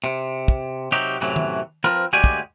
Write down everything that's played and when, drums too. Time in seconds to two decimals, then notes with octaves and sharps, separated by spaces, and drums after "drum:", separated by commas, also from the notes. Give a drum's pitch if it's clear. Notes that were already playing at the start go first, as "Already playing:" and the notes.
0.04 C3
0.48 drum: kick
0.92 C3 F#3 D#4 G4
1.21 F#2 A2 C3 E3 F#3
1.36 drum: tom D#3
1.84 F3 C4 A#4 B4
2.13 D2 G#3 F#4 G4 D5 G#5
2.24 drum: kick